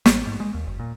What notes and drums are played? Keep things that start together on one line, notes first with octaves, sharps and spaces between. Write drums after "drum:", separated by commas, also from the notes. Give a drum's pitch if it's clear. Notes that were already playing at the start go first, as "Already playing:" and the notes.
A1, drum: snare
G#2
G#3
D#2
F#1
A#2